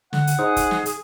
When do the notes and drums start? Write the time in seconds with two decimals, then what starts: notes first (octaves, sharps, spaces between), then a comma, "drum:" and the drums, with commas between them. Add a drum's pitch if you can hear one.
0.13 D3 F#5, drum: snare
0.27 drum: hi-hat
0.39 D#4 G#4 C5 D#6
0.56 drum: kick F1, hi-hat
0.71 drum: snare
0.86 drum: hi-hat